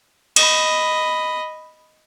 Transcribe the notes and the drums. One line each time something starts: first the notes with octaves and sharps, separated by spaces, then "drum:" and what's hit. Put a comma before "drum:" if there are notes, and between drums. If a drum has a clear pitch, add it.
D#5 B5, drum: cymbal